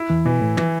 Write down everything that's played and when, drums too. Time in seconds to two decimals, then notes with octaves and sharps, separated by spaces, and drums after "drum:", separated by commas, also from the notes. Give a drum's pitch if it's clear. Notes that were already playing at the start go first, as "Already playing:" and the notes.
Already playing: E4
0.10 E2 E3
0.25 B2 E3
0.41 A2
0.57 E3, drum: tom